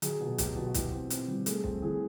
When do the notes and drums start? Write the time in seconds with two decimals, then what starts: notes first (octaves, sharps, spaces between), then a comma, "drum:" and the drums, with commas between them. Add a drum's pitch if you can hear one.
0.02 F#3 G#4, drum: hi-hat
0.20 B2
0.38 F#3 G4, drum: kick, hi-hat
0.56 B2
0.66 F#4
0.74 E3 G4, drum: kick, hi-hat
0.92 C4
1.10 C4, drum: hi-hat
1.28 G3
1.46 A3 G#4, drum: hi-hat
1.64 C4, drum: kick
1.82 E3 G#4